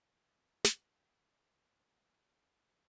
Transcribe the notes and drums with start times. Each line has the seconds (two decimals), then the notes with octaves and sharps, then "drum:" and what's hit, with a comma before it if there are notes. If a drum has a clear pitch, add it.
0.08 F3 D#4 G#4 D5 G#5
0.64 drum: snare
0.94 D4
1.16 A#2 E3 G3 D#5 F#5 D6
1.70 A#3
2.03 G#2 G3 F#5 A5 F6
2.53 A4 A#4 C5 D#5 G5 B5